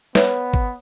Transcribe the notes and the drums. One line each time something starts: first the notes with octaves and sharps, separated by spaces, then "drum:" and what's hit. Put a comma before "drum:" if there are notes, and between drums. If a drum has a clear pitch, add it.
B3 B4 C#5 E5, drum: snare
drum: kick